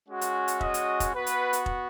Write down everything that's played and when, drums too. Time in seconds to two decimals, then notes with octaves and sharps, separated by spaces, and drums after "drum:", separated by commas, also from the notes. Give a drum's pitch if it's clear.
0.08 G#3 C#4 F#4
0.21 drum: hi-hat
0.48 drum: hi-hat
0.61 D#5, drum: kick F1
0.74 drum: hi-hat
1.00 drum: kick F1, hi-hat
1.13 B3 F#4 B4
1.27 drum: hi-hat
1.53 drum: hi-hat
1.66 drum: kick F1